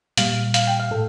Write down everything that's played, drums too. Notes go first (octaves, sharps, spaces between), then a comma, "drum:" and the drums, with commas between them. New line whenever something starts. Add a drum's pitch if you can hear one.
A#2 G3 F5, drum: hi-hat
F5, drum: hi-hat
G5
F5
A2 A4